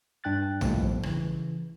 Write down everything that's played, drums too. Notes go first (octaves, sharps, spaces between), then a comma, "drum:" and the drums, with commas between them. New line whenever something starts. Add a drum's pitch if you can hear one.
G2 D4 G5 F#6 A6
D#2 A2 F3 G3 A3 B3, drum: tom A#1
C#3 E3, drum: rim click